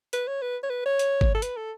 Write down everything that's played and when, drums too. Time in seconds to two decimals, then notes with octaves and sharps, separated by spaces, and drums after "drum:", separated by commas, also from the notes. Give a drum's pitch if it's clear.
0.13 B4, drum: hi-hat
0.27 C#5
0.42 B4
0.63 C#5
0.70 B4
0.85 C#5
0.99 drum: hi-hat
1.21 drum: kick G#1
1.34 A4
1.42 B4, drum: hi-hat
1.57 A4